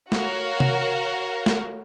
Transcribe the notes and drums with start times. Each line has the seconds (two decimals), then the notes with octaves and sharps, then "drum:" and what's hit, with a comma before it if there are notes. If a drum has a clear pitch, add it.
0.12 F#4 A#4 C#5 F5, drum: snare
0.60 drum: tom C3
1.46 drum: snare